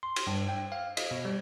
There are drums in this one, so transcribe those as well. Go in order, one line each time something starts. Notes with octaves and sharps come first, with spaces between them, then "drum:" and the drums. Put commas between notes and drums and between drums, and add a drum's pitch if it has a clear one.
C6
drum: cymbal
G2
G5
F5
D#5, drum: cymbal
B2
G3